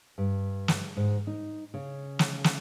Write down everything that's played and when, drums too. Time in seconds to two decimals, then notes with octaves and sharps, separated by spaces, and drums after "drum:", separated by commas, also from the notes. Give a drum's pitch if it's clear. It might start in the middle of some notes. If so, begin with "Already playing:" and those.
0.18 G2
0.68 drum: snare
0.97 G#2
1.27 D#4
1.74 C#3
2.19 drum: snare
2.44 drum: snare